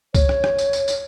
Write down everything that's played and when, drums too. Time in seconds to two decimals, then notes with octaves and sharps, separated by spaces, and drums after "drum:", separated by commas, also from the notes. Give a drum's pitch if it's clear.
0.14 C#5, drum: kick C#2, tambourine
0.29 drum: rim click
0.44 drum: rim click
0.58 drum: tambourine
0.73 drum: tambourine
0.88 drum: tambourine